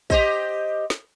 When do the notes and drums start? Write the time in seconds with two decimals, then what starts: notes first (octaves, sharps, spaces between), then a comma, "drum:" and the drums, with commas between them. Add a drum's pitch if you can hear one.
0.10 G4 C5 D#5, drum: kick
0.90 drum: snare